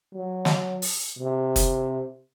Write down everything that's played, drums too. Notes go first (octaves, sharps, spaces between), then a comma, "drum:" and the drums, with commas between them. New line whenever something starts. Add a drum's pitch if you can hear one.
F#3
drum: snare
drum: open hi-hat
C3
drum: kick F#1, hi-hat